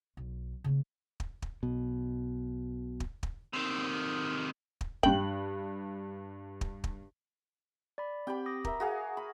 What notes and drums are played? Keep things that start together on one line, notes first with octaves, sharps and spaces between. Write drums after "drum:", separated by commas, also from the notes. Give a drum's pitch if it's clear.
B1
C#3 A#3
drum: kick
drum: kick
B1 B2
drum: kick
drum: kick
C3 D#3
drum: kick
G2 G5 F#7, drum: kick
drum: kick
drum: kick
D5 B5
C4 G4 G5 B5
D6 D#6 A#6
A#4 E5, drum: kick
F#4 G#4 F5
B5